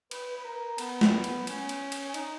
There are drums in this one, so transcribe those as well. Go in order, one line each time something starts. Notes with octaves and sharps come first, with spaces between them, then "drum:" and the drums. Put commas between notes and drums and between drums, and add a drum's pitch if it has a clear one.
B4, drum: cymbal
B4
A#4
B3, drum: cymbal
drum: snare
B3
drum: cymbal
C#4, drum: cymbal
drum: cymbal
drum: cymbal
C#4
D#4, drum: cymbal